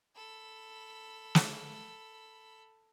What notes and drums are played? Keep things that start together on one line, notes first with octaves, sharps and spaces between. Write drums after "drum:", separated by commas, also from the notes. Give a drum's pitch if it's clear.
A4 B5
drum: snare